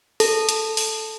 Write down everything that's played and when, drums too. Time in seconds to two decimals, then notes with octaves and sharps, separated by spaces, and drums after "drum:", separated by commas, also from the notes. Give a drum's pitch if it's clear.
0.20 A4, drum: open hi-hat
0.49 drum: hi-hat
0.77 drum: open hi-hat